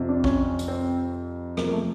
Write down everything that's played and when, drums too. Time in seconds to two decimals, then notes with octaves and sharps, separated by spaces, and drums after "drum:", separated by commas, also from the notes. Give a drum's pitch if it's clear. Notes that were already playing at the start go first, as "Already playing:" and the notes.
Already playing: F2 C3 F3
0.09 D4
0.24 C#4, drum: kick
0.59 drum: hi-hat
0.68 C4
1.57 E2 C3 F3 A#3, drum: rim click
1.68 A#3
1.72 A3